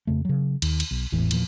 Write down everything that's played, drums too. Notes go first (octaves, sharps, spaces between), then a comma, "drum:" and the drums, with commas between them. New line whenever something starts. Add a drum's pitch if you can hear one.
F2 C#3 A3
C#3 F#3
D#2, drum: cymbal
drum: cymbal
B1
G#1 E2 A2 E3
E2 A#2 D#3 F3, drum: cymbal